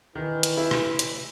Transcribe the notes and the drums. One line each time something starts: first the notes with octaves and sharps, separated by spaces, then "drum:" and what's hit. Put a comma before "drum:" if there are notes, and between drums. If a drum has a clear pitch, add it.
D#3 E3
drum: hi-hat
E4
drum: rim click
drum: hi-hat